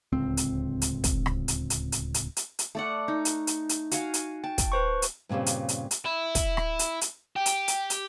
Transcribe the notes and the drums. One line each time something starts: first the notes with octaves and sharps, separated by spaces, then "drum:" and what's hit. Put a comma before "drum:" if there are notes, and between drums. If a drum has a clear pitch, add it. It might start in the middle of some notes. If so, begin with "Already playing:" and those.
D1 C#2 C4
drum: hi-hat
drum: hi-hat
drum: kick, hi-hat
drum: rim click
drum: hi-hat
drum: hi-hat
drum: hi-hat
drum: hi-hat
drum: hi-hat
drum: hi-hat
A3 D5 F#5
D#4
drum: hi-hat
drum: hi-hat
drum: hi-hat
F#4 F5 G#5, drum: hi-hat
drum: hi-hat
G5 A5
drum: kick, hi-hat
B4 C5 C#6
drum: hi-hat
G2 A#2 C#3 G3 C4
drum: hi-hat
drum: hi-hat
drum: hi-hat
E4
drum: kick, hi-hat
drum: rim click
drum: hi-hat
drum: hi-hat
G4
drum: hi-hat
drum: hi-hat
drum: hi-hat